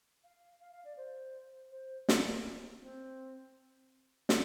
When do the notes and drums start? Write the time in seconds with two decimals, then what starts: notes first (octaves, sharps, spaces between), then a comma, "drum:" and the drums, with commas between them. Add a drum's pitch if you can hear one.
0.24 F5
0.61 F5
0.72 F5
0.85 D5
0.97 C5
1.71 C5
2.09 A#3, drum: snare
2.81 C4
4.29 D4, drum: snare